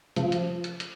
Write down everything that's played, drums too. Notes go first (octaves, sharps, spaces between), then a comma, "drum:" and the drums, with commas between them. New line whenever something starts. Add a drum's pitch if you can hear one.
F3, drum: hi-hat
drum: hi-hat
drum: hi-hat
drum: hi-hat